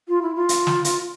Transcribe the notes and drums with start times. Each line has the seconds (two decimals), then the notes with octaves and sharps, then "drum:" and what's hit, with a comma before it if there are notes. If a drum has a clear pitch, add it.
0.09 F4
0.22 E4
0.35 F4
0.49 drum: hi-hat
0.67 drum: snare
0.85 drum: hi-hat